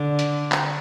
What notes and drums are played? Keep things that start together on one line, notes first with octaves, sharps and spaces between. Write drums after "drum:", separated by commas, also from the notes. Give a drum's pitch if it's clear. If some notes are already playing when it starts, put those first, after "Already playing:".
Already playing: D3
drum: hi-hat
drum: clap